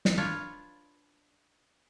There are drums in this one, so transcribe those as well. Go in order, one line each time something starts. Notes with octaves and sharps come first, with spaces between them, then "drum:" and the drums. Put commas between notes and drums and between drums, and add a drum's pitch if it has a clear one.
drum: snare
D4 F4 B4 C#5